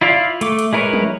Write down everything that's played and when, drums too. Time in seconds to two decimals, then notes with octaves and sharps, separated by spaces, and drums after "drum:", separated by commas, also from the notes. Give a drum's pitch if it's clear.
0.01 E4 F4 D5 F5
0.41 A3 D6, drum: hi-hat
0.59 drum: hi-hat
0.73 G#3 E4 A#4 B4 C#5
0.93 drum: tom